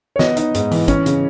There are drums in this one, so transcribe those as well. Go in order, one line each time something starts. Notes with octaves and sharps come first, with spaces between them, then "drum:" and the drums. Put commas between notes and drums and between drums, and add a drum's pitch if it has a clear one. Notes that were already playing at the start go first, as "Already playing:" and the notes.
C#5
B3 D#5, drum: snare
D#4, drum: hi-hat
G#2, drum: hi-hat
E3, drum: open hi-hat
C#4, drum: kick, hi-hat
C#3, drum: hi-hat